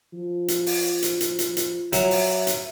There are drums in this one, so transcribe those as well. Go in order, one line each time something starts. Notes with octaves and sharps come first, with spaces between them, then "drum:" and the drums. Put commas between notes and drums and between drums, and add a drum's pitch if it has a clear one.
F3
drum: hi-hat
drum: open hi-hat
drum: hi-hat
drum: hi-hat
drum: hi-hat
drum: hi-hat
F#3 E5, drum: hi-hat
drum: open hi-hat
drum: hi-hat